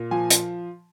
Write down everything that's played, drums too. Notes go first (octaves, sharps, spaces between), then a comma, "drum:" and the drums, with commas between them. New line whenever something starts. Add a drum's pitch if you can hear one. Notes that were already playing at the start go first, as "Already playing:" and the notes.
Already playing: A#2
F3 G#5
drum: hi-hat